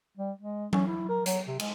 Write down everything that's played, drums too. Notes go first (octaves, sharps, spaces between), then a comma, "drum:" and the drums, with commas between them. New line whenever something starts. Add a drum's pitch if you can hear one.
G3
G#3
C#4, drum: tom F#3
E4
A#4
F#3, drum: hi-hat
C3
G#3, drum: cymbal